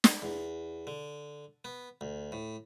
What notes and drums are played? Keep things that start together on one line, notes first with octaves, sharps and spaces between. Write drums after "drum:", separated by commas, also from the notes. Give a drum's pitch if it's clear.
drum: snare
E2
D3
B3
D2
A2